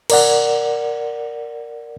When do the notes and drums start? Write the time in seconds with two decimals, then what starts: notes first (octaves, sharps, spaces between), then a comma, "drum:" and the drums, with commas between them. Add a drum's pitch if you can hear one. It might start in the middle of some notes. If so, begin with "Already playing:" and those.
0.10 A#4 D5 F#5, drum: cymbal